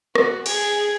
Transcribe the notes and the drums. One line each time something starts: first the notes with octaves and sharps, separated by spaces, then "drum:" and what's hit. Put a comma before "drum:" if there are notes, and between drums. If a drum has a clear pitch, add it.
F#4, drum: rim click
G#4 G#6, drum: cymbal